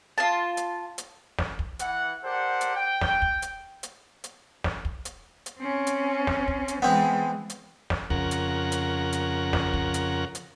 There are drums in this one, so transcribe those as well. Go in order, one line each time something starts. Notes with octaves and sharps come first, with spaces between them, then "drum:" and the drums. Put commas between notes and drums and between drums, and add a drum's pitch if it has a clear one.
F4 A5
drum: hi-hat
drum: hi-hat
drum: snare
drum: kick
E3 F#5, drum: hi-hat
G4 A4 A#4 C5 D5 F#5
drum: hi-hat
G5
drum: snare
drum: kick
drum: hi-hat
drum: hi-hat
drum: hi-hat
drum: snare
drum: kick
drum: hi-hat
drum: hi-hat
C4 C#4
drum: hi-hat
drum: snare
drum: kick
drum: hi-hat
E3 G#3 B3 C4
drum: hi-hat
drum: snare
F2 C#3 A#4 F#5, drum: kick
drum: hi-hat
drum: hi-hat
drum: hi-hat
drum: snare
drum: kick
drum: hi-hat
drum: hi-hat